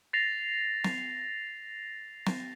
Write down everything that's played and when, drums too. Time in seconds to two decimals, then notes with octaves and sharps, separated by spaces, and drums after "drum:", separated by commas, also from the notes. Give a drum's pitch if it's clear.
0.13 A6 A#6 C7 F7
0.84 drum: snare
2.27 drum: snare